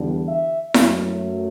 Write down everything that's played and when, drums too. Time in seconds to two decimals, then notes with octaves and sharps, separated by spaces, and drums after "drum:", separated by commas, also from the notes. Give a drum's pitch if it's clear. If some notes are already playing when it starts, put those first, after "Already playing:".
Already playing: E2 D3 G3
0.27 E5
0.74 F#2 F#3 A3, drum: snare E4